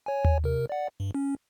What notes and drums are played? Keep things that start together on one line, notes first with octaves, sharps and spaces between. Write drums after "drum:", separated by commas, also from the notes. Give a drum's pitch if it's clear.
C#5 G#5
drum: tom D#2
C3 A#4
D5 F#5
G2
C#4